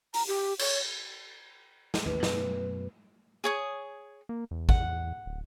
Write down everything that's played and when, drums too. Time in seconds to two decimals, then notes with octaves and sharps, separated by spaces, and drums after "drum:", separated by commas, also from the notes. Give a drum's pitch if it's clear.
0.14 A#5, drum: open hi-hat
0.27 G4
0.59 C#5, drum: cymbal
1.94 drum: snare
2.06 A1 D#2 B4
2.23 F#2 B2 A3, drum: snare
3.44 G#4 C#5 D#6
4.29 A#3
4.51 E2
4.69 F#5, drum: kick
5.26 D1